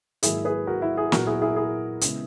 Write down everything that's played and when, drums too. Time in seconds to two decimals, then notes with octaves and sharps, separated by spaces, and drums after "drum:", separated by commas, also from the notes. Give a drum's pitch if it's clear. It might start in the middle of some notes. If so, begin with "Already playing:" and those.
0.23 G#2 D#3 F#3 A#3 E4 G#4, drum: hi-hat
0.45 G#4 B4
0.67 F#4 A#4
0.82 E4
0.97 E4 G#4
1.12 A#2 F#3 B3 F#4 A#4, drum: snare
1.27 E4 G#4
1.42 E4 G#4
1.56 E4 G#4
2.01 C#3 G#3 B3, drum: hi-hat